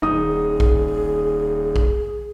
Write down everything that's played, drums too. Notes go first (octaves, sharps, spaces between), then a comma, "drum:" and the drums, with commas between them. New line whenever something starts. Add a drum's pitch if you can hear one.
D#1 D#4 G#4 D#6
drum: kick A#1
drum: kick A#1